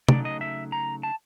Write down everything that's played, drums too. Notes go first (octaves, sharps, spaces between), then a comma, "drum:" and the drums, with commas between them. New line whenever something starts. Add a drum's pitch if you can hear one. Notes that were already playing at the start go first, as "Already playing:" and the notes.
C#3 F#3 A3 C4 D#4 D5, drum: tom
D#5
E5
A#5
A5